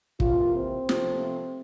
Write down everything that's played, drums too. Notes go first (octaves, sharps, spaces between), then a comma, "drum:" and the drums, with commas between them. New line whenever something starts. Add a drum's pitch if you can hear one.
C3 E3 A#3 F4, drum: kick
C4
C3 F3 A3, drum: snare